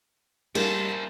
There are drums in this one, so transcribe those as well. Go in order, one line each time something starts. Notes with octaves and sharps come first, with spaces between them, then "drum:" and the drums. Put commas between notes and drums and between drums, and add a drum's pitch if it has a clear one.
G3 A#3 A#4 C5 A5, drum: cymbal